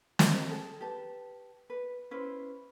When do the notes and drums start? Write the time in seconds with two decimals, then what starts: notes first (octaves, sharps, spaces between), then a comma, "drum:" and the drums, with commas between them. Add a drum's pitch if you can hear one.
0.19 F4 A#4 D#5 E5, drum: snare
0.49 G#4 A4 G5 A5
0.81 G4 B4 A5
1.70 B4
2.11 C#4 E4 B4 C5